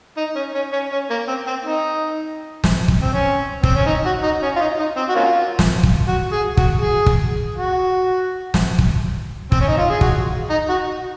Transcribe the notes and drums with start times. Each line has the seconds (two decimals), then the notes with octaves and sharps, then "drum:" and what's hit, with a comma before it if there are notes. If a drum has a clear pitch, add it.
0.17 D#4
0.36 C#4
0.54 C#4
0.73 C#4
0.92 C#4
1.10 A#3
1.28 C4
1.47 C4
1.65 D#4
2.64 drum: snare
2.88 drum: kick
3.02 C4
3.13 C#4
3.63 C4, drum: kick
3.75 C#4
3.86 D#4
4.06 F#4
4.23 D#4
4.43 C#4
4.56 F4
4.60 D#4
4.79 D#4
4.97 C4
5.09 F#4
5.15 A#3 C#4 F4
5.59 drum: snare
5.83 drum: kick
6.08 F#4
6.32 G#4
6.57 F#4, drum: kick
6.82 G#4
7.06 drum: kick
7.56 F#4
8.54 drum: snare
8.79 drum: kick
9.52 C4, drum: kick
9.61 C#4
9.68 D#4
9.78 F4
9.90 G#4
10.01 F#4, drum: kick
10.50 D#4
10.69 F#4